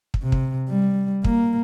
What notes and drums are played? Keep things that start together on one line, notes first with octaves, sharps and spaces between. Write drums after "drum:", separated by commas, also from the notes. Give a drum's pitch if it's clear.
drum: kick
C3
drum: kick
G3
A#3, drum: kick